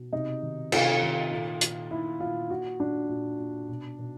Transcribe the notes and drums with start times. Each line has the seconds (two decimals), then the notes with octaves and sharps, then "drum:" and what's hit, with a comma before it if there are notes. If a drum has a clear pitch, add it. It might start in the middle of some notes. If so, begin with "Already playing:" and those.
Already playing: B2
0.13 C3 D#4
0.42 D#3
0.72 C3 F4, drum: cymbal
1.02 D#3
1.31 A#2
1.61 A#2, drum: hi-hat
1.91 A#2 E4
2.20 A#2 F4
2.50 A#2 F#4
2.80 A#2 D4
3.09 A#2
3.39 A#2
3.69 B2
3.99 B2